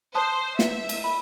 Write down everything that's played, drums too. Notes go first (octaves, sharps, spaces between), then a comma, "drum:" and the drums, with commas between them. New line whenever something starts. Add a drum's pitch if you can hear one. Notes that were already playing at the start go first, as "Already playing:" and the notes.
C5 A5 C6 D#6 F#6
B4 E5, drum: snare
drum: cymbal
B5